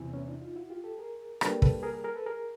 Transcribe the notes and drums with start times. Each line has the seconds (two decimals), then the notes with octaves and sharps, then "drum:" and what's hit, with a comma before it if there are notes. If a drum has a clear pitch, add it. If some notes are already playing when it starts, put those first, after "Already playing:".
Already playing: E2 C3 E3
0.14 B3 C#4
0.28 D4 E4
0.41 D#4 F4
0.56 E4 F#4
0.70 F4 G4
0.84 G4 A4
0.98 G#4 A#4
1.41 G3 A#3 D4 G4 A4 B4, drum: rim click
1.62 A4 B4, drum: kick
1.83 G#4 A#4
1.94 G#4 A#4
2.04 G#4 A#4
2.16 A4 B4
2.26 G#4 A#4